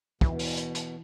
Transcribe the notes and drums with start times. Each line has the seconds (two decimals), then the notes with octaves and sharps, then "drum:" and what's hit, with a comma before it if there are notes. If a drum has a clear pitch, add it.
0.21 B2 E3, drum: kick
0.39 drum: open hi-hat
0.57 drum: hi-hat
0.75 drum: hi-hat